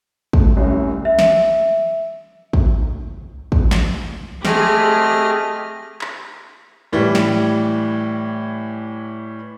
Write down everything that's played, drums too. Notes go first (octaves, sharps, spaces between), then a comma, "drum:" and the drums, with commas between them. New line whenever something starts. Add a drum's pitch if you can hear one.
A3, drum: kick
C2 C#4
E5
drum: snare
drum: kick
drum: kick
drum: snare
A3 C4 G4 G#4 D#5 F6, drum: snare
drum: clap
A2 E3 G3
drum: snare